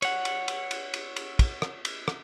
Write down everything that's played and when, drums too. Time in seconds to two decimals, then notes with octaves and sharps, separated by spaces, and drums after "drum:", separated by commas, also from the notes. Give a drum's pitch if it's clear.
0.02 C#5 F#5, drum: cymbal
0.25 drum: cymbal
0.48 drum: cymbal
0.71 drum: cymbal
0.94 drum: cymbal
1.16 drum: cymbal
1.39 drum: kick, cymbal
1.62 drum: rim click
1.85 drum: cymbal
2.08 drum: rim click